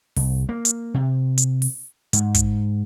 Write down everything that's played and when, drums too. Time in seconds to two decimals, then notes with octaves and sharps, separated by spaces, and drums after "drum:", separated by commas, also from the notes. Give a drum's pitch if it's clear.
0.16 C2, drum: open hi-hat
0.49 A#3
0.65 drum: hi-hat
0.94 C3
1.38 drum: hi-hat
1.62 drum: open hi-hat
2.13 G#2, drum: hi-hat
2.34 drum: kick, hi-hat